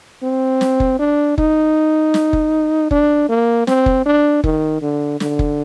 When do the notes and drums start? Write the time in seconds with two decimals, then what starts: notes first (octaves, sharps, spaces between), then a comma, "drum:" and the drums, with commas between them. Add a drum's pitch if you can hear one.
0.23 C4
0.61 drum: snare
0.80 drum: kick
0.99 D4
1.38 D#4, drum: kick
2.14 drum: snare
2.33 drum: kick
2.91 D4, drum: kick
3.29 A#3
3.67 C4, drum: snare
3.86 drum: kick
4.06 D4
4.44 D#3, drum: kick
4.82 D3
5.20 D3, drum: snare
5.39 drum: kick